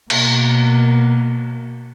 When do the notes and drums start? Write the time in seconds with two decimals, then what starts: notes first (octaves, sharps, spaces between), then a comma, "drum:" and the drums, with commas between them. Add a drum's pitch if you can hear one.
0.10 B2 A#3, drum: cymbal